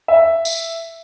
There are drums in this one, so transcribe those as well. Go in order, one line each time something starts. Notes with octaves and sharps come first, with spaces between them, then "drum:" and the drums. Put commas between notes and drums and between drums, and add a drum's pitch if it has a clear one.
E5
drum: tambourine